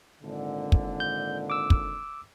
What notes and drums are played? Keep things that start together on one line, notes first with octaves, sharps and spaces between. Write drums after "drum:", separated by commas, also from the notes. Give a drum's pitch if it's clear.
G#1 A#2 D3
drum: kick
G6
D6 E6
drum: kick